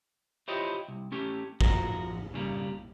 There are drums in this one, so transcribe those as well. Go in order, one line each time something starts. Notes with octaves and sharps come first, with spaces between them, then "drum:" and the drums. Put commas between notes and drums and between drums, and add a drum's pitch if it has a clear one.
E4 F4 G4 C5 C#5 D#5
C2
A3 C#4 G4
F3 F#4 A#4, drum: kick A1
C#3 G3 A#3